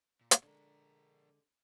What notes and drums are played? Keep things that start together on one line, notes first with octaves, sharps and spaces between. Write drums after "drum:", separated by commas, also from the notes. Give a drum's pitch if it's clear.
A#2
drum: hi-hat
D3 G#3 D4 A#4